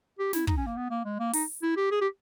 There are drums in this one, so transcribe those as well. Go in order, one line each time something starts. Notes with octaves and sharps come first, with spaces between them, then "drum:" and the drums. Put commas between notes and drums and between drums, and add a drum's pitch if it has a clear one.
G4
E4, drum: snare
D#4, drum: kick
C#4
A#3
B3
A#3
G#3
A#3
D#4, drum: open hi-hat
E4
G4
G#4
G4